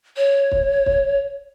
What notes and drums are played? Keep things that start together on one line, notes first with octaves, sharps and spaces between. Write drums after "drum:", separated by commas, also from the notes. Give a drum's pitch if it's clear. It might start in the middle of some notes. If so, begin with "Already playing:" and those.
C#5
drum: kick
drum: kick